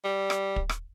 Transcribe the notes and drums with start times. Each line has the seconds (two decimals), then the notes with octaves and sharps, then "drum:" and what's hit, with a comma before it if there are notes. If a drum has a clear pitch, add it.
0.04 G3
0.30 drum: rim click
0.56 drum: kick
0.69 drum: rim click